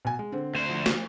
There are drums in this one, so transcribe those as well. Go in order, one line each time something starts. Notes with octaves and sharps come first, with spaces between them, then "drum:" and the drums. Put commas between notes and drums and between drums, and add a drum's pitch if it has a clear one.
B2 G#5
G#3
D3 C4
D2 C5
F3
drum: snare